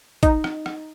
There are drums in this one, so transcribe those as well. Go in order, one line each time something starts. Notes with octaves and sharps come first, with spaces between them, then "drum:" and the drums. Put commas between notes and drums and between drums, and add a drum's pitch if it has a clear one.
D#4, drum: kick, hi-hat
drum: rim click
drum: rim click